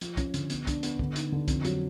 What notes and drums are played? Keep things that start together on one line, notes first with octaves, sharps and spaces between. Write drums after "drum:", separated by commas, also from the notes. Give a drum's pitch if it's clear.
F3, drum: hi-hat
C#4, drum: kick, hi-hat
D3, drum: hi-hat
B3, drum: hi-hat
D4, drum: kick, hi-hat
B3, drum: hi-hat
D3, drum: kick
D#4, drum: hi-hat
D3
F2, drum: kick, hi-hat
F#3, drum: hi-hat